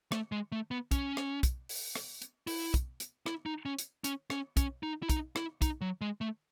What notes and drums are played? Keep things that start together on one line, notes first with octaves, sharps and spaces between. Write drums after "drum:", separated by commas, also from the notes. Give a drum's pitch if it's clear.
A3, drum: rim click
G#3
A3
B3
C#4, drum: kick, hi-hat
drum: rim click
drum: kick, hi-hat
drum: open hi-hat
drum: rim click
drum: hi-hat
E4, drum: open hi-hat
drum: kick, hi-hat
drum: hi-hat
E4, drum: rim click
D#4
C#4
drum: hi-hat
C#4, drum: hi-hat
C#4, drum: rim click
C#4, drum: kick, hi-hat
D#4
E4
D#4, drum: kick, hi-hat
E4, drum: rim click
D#4, drum: kick, hi-hat
F#3
G#3
A3